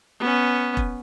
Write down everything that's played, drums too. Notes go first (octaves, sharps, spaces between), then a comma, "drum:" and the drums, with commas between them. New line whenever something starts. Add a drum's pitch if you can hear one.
B3 C#4
drum: kick E1